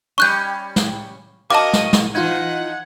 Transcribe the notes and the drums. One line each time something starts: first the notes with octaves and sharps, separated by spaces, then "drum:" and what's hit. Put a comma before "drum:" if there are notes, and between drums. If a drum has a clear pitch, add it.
G3 C#4 C#6 F#6 G6
drum: snare
C#4 F#4 A#4 D#5 F5 A5 D6
drum: snare
drum: snare
E3 D#4 F4 F#5 G#6